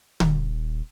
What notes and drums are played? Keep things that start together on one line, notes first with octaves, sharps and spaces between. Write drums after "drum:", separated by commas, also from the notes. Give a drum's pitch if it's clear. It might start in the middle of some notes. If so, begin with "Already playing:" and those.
D#1, drum: tom D3